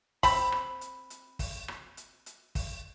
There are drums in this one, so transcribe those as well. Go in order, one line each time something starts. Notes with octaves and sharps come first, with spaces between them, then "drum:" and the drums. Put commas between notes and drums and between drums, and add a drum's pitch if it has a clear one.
C4 B5, drum: kick, open hi-hat
drum: rim click
drum: hi-hat
drum: hi-hat
drum: kick, open hi-hat
drum: rim click
drum: hi-hat
drum: hi-hat
drum: kick, open hi-hat